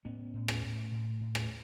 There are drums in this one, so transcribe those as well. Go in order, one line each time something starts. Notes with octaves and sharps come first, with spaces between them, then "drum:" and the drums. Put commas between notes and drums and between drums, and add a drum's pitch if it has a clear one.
A2 B3 C#4
A2
drum: rim click
A2
A2
A2
drum: rim click